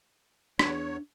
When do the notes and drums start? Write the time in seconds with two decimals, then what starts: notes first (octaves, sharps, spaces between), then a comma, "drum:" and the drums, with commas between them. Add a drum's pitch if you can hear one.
0.59 E2 D4 C#5, drum: rim click